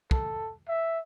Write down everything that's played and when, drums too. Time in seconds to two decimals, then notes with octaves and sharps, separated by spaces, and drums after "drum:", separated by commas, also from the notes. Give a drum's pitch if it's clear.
0.11 A4, drum: kick
0.68 E5